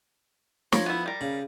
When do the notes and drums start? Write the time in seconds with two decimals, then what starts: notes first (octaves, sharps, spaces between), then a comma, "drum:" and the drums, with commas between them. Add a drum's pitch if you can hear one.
0.72 F3 F4 A#4 C#5, drum: snare
0.86 B3 E4
1.06 G3 A#4
1.21 C#3